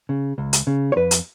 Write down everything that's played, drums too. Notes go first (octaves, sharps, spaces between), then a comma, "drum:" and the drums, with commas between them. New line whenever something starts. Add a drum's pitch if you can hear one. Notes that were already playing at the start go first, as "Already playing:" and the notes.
C#3
C#2
drum: hi-hat
C#3
C#5
F2 B4
drum: hi-hat